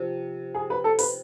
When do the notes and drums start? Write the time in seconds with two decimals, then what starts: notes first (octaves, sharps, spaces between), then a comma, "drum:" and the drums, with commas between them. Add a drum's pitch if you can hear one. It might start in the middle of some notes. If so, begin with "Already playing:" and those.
Already playing: C3 F3
0.54 G#4
0.70 B4
0.84 A4
0.99 B4, drum: open hi-hat